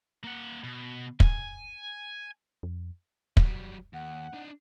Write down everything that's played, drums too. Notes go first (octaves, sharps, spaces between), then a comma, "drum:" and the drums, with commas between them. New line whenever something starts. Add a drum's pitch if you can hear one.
A#3 F#5
B2
G#5, drum: kick
F2
F#3 G3, drum: kick
D#2 F#5
D4 D#4